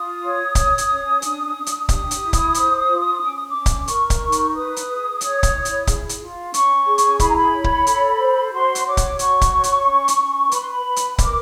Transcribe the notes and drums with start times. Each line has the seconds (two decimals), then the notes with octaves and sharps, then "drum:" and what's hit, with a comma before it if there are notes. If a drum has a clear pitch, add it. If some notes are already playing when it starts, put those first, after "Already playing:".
Already playing: F4 D#6
0.23 C#5
0.55 C#5, drum: kick C#1, hi-hat
0.78 drum: hi-hat
0.89 C#4
1.22 D4, drum: hi-hat
1.55 D4
1.66 drum: hi-hat
1.89 G4 D#6, drum: kick C#1, hi-hat
2.11 drum: hi-hat
2.22 E4
2.33 drum: kick C#1, hi-hat
2.54 C5, drum: hi-hat
2.88 F4
3.21 C#4 D6
3.35 D#6
3.48 D6
3.55 C#4
3.66 drum: kick C#1, hi-hat
3.88 A#4 C#6, drum: hi-hat
4.10 drum: kick C#1, hi-hat
4.22 D#4
4.32 drum: hi-hat
4.54 B4 D#6
4.76 drum: hi-hat
4.88 G#4
5.21 C#5, drum: hi-hat
5.43 drum: kick C#1, hi-hat
5.55 E4
5.65 drum: hi-hat
5.87 G#4, drum: kick C#1, hi-hat
6.09 drum: hi-hat
6.20 F4
6.54 C#4 C#6, drum: hi-hat
6.86 G#4
6.98 drum: hi-hat
7.20 E4 B5, drum: kick C#1, hi-hat
7.29 A#5
7.36 B5
7.54 C#5
7.64 drum: kick C#1
7.87 A4, drum: hi-hat
8.19 C5
8.49 B5
8.52 F#4 C6
8.75 drum: hi-hat
8.86 C#5 D6
8.97 drum: kick C#1, hi-hat
9.19 F#4 C#6, drum: hi-hat
9.41 drum: kick C#1, hi-hat
9.52 C#5
9.64 drum: hi-hat
9.86 C#4
10.08 drum: hi-hat
10.18 C#4
10.52 B4 B5, drum: hi-hat
10.60 C6
10.68 B5
10.85 B4
10.96 drum: hi-hat
11.18 A#4 D6, drum: kick C#1, hi-hat